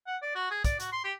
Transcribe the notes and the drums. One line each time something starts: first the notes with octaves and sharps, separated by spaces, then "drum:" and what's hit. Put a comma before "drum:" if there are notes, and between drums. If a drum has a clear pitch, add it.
F#5
D5
F#4
G#4
D5, drum: kick, hi-hat
F#4, drum: hi-hat
C6
G4